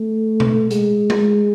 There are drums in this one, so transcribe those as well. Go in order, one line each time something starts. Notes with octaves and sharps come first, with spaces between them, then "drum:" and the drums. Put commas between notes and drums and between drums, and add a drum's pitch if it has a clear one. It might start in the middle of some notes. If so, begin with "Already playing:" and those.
Already playing: A3
drum: tom B2
G#3, drum: hi-hat
drum: tom G#3